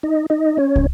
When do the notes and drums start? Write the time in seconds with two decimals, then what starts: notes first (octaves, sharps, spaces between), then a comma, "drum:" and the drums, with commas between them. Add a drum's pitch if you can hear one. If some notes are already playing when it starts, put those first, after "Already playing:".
0.03 D#4 D#5
0.30 D#4 D#5
0.57 C#4 C#5
0.76 drum: kick